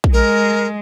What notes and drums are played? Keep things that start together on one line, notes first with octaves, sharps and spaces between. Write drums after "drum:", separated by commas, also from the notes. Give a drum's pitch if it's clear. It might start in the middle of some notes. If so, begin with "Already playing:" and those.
drum: kick A#1
G#3 A#4